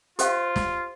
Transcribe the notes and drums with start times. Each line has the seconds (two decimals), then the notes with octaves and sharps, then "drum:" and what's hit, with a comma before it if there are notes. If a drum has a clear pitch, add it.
0.19 F4 G4 C5 F5, drum: hi-hat
0.56 drum: snare